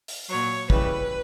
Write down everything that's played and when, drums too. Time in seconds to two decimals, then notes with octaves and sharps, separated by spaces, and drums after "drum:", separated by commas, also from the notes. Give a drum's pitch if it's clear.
0.08 drum: open hi-hat
0.29 A#2 F#3 C#5
0.70 C#3 E3 G3 B4, drum: kick